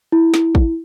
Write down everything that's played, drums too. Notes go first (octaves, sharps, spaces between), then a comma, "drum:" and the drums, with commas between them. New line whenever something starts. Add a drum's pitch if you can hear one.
E4
drum: snare
drum: kick